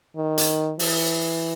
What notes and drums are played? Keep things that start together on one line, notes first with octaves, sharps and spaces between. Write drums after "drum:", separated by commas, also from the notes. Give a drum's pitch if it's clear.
D#3
drum: hi-hat
E3, drum: open hi-hat